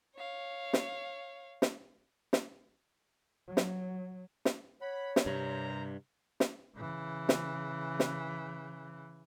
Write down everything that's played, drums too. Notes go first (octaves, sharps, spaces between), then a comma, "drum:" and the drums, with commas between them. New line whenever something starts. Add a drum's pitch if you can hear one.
C#5 F5
drum: snare
drum: snare
drum: snare
F#3
drum: snare
drum: snare
C#5 F#5 B5
drum: snare
G2 C3 A#4 C5 A#5
drum: snare
C#3 E3
drum: snare
drum: snare